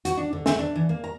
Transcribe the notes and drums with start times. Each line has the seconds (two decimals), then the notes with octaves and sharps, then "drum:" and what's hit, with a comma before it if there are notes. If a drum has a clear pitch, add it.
0.05 F#4, drum: hi-hat
0.17 D4
0.33 D3
0.46 E5, drum: snare
0.59 D4
0.76 E3
0.89 A#3
1.04 A#5